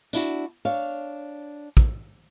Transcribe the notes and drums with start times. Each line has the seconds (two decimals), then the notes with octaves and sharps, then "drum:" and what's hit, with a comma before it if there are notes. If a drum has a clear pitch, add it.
0.13 D4 E4 F#4, drum: tambourine
0.65 D4 C#5 F5
1.77 drum: kick